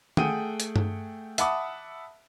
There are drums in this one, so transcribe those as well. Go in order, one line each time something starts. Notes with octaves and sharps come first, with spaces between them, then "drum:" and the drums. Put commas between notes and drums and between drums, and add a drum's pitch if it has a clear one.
A3 G#4 F#5 G5 D#6 D#7, drum: tom D#3
drum: hi-hat
drum: tom G2
E5 F#5 A5 B5 D6 D#6, drum: hi-hat